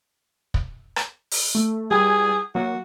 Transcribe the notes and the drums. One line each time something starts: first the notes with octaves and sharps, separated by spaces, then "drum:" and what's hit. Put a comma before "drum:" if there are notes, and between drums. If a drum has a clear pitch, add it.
drum: kick
drum: rim click
drum: open hi-hat
A3
G3 G#4 G#5
F#3 A#3 F#4